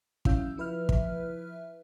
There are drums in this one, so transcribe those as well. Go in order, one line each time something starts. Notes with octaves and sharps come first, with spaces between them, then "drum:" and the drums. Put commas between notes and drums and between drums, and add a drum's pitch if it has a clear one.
F#3 C#4 E4 F5 E6 G6, drum: kick
F3 E4 B4 E5 F6
drum: kick